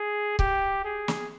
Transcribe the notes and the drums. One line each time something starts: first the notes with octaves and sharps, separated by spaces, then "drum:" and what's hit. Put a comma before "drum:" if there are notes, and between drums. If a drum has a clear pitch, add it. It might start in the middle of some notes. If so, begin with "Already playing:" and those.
Already playing: G#4
G4, drum: kick C#1
G#4
drum: snare